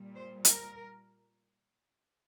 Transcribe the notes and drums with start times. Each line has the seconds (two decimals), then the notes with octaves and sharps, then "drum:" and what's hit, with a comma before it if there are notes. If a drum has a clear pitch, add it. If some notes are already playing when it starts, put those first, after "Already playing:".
Already playing: A#2 G3
0.16 C5
0.45 A#4, drum: hi-hat